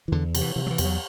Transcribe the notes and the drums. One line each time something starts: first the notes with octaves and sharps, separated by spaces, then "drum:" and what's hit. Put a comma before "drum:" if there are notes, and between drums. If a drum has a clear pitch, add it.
E3
E2 D3
C3, drum: cymbal
E3
C3 E3
F#3
E3
E2, drum: cymbal
F#3